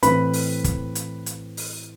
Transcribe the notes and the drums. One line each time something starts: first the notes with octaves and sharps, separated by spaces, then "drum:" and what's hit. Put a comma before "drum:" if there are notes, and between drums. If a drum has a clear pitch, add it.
A2 E3 A3 C4 B4 B5, drum: hi-hat
drum: open hi-hat
drum: kick, hi-hat
drum: hi-hat
drum: hi-hat
drum: open hi-hat